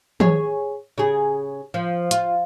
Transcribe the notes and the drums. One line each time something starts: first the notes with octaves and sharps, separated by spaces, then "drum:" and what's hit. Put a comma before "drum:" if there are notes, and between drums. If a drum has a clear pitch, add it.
G#4 C#5, drum: tom
C#3 G#4
F3
F4, drum: hi-hat